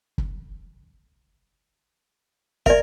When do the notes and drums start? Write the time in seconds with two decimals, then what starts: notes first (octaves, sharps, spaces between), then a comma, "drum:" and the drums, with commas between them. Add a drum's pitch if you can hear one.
0.18 drum: kick
2.66 A#4 D5 E5, drum: kick